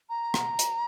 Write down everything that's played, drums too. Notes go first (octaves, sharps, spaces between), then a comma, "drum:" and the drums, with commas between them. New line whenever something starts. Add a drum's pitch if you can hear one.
A#5
drum: rim click
drum: hi-hat